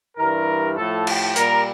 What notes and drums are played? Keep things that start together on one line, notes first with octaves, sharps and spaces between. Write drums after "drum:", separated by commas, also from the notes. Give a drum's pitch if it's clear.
G2 E3 G3 A#4
A2 F3 A3 A4
G4, drum: cymbal
A#2 G3 A#4, drum: hi-hat